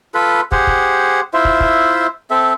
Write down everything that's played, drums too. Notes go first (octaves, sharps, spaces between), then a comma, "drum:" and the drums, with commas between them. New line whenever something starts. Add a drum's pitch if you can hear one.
F4 A4 B4 B5
G4 G#4 C5 F#5, drum: kick
drum: kick
E4 F4 C5 E5
drum: kick
drum: kick
C4 A4 E5